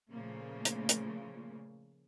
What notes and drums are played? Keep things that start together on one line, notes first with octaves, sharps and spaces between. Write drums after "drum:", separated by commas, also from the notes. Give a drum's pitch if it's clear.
A#2 C#3 F3 A3 A#3
drum: hi-hat
drum: hi-hat